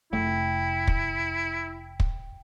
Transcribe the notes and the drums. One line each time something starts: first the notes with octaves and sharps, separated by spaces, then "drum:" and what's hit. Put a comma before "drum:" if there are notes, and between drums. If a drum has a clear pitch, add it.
F1 A3 E4 G5
drum: kick
drum: kick